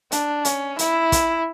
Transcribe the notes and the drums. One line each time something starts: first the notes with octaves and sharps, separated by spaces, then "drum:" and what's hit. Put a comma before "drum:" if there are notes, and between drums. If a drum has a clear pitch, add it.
D4, drum: hi-hat
C#4, drum: hi-hat
E4, drum: hi-hat
drum: kick, hi-hat